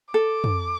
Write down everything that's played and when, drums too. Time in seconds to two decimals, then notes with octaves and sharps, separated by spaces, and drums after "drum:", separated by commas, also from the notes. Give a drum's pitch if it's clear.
0.14 A4 D6
0.44 drum: tom